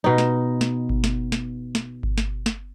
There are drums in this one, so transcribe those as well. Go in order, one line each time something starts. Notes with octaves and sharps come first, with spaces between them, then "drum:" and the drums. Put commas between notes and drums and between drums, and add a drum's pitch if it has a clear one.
B2 D#4
drum: snare
drum: snare
drum: kick G1
drum: snare
drum: snare
drum: snare
drum: kick G1
drum: snare
drum: snare